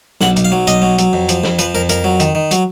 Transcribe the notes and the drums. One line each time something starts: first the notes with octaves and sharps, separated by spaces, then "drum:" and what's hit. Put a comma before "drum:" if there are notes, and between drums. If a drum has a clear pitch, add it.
B1 F#5, drum: snare
B1, drum: hi-hat
F5
F#3
B1 D#5, drum: hi-hat
F#3
F#3, drum: hi-hat
F2
F3, drum: hi-hat
F2, drum: snare
F3 B4, drum: hi-hat
F2 A#4
F2 A#4, drum: hi-hat
F#3
D#3, drum: hi-hat
D#3
F#3, drum: hi-hat